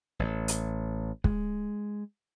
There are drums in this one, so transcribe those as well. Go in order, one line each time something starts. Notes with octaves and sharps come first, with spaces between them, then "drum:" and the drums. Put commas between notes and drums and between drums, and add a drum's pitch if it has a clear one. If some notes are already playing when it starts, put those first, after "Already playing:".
A1
drum: hi-hat
G#3, drum: kick